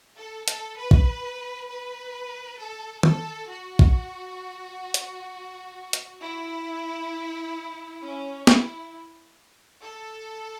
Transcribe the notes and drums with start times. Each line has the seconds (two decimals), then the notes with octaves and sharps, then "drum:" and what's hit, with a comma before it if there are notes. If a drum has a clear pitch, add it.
0.16 A4
0.48 A4, drum: hi-hat
0.77 B4
0.91 drum: kick A#1
1.68 B4
2.59 A4
3.03 A4, drum: tom D#3
3.49 F#4
3.79 drum: kick A#1
4.94 drum: hi-hat
5.93 drum: hi-hat
6.21 E4
8.01 C#4
8.47 E4, drum: snare
9.83 A4